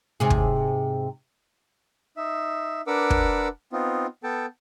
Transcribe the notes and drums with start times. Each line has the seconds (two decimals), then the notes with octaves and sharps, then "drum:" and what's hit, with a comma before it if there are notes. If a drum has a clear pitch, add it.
0.20 G#2 C3 G#4
0.30 drum: kick
2.17 D#4 E5
2.87 D4 A#4 B4 F#5 D6 E6
3.10 drum: kick
3.73 B3 C4 D#4 F4
4.24 B3 A4 G5 A5